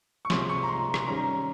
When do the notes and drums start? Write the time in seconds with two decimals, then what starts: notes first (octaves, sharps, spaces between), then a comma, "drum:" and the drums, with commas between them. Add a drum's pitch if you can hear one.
0.25 C#6
0.30 C3 F3 G#3 C6, drum: snare
0.49 C#6
0.63 A#5
0.68 C6
0.94 drum: rim click
1.07 D#3 G3 C#4 A#5